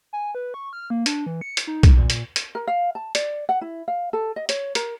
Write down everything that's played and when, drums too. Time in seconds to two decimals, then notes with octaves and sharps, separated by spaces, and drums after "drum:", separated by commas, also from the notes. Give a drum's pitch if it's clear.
0.13 G#5
0.35 B4
0.54 C#6
0.73 F6
0.90 A#3
1.06 D4, drum: hi-hat
1.26 E3
1.41 C#7
1.57 drum: hi-hat
1.67 D#4
1.83 drum: kick, hi-hat
1.97 A#2
2.10 drum: hi-hat
2.36 drum: hi-hat
2.55 A#4
2.67 F5
2.95 A5
3.15 D5, drum: hi-hat
3.49 F#5
3.61 E4
3.88 F5
4.13 A4
4.36 D#5
4.49 C#5, drum: hi-hat
4.75 A#4, drum: hi-hat